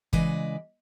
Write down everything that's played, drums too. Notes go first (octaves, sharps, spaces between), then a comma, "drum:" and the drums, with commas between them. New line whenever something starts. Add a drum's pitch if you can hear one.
C#3 E3 G#3 B4 D5 D#5, drum: kick